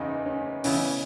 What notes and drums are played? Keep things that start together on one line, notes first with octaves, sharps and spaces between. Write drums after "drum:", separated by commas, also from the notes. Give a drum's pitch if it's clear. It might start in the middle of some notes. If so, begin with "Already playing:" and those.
Already playing: F#1 E2 C#3 D#4
C#4
C#3 E3 B3 C#4 E4, drum: open hi-hat